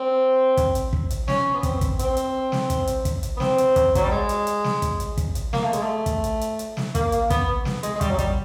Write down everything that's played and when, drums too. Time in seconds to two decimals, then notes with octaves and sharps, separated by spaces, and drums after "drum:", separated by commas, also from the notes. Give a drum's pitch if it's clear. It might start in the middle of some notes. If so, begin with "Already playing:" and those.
Already playing: C4
0.57 drum: kick, hi-hat
0.75 drum: hi-hat
0.93 drum: kick
1.10 drum: hi-hat
1.28 C#4, drum: snare
1.54 B3
1.63 C4, drum: kick, hi-hat
1.81 drum: kick, hi-hat
1.99 C4, drum: hi-hat
2.17 drum: hi-hat
2.52 drum: snare
2.70 drum: kick, hi-hat
2.87 drum: hi-hat
3.05 drum: kick, hi-hat
3.23 drum: hi-hat
3.37 B3
3.40 C4, drum: snare
3.58 drum: hi-hat
3.76 drum: kick, hi-hat
3.95 F#3, drum: kick, hi-hat
4.03 G3
4.11 G#3
4.29 drum: hi-hat
4.47 drum: hi-hat
4.64 drum: snare
4.82 drum: kick, hi-hat
5.00 drum: hi-hat
5.17 drum: kick, hi-hat
5.35 drum: hi-hat
5.53 A#3, drum: snare
5.63 A3
5.73 G#3, drum: hi-hat
5.83 A3
6.06 drum: kick, hi-hat
6.24 drum: hi-hat
6.41 drum: hi-hat
6.59 drum: hi-hat
6.77 drum: snare
6.95 A#3, drum: kick, hi-hat
7.12 drum: hi-hat
7.30 B3, drum: kick, hi-hat
7.65 drum: snare
7.83 G#3, drum: hi-hat
7.96 G#3
8.01 G3, drum: kick, hi-hat
8.10 F#3
8.18 G3, drum: kick, hi-hat